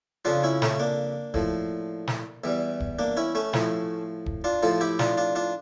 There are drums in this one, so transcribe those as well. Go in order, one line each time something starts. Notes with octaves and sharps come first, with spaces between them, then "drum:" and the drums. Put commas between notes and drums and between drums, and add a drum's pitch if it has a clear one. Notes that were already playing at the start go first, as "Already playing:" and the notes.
F2 C#3 F3 D4 F4
C#4 E4
A3 C#4, drum: snare
A#3 D4
A2 F3, drum: kick
drum: snare
E2 E3 G3
drum: kick
A#3 D4
C#4 E4
A3 C#4
A2 F3, drum: snare
drum: kick
D4 F4
A2 F3 F4 A4
E4 G4
D4 F4, drum: snare
D4 F4
D4 F4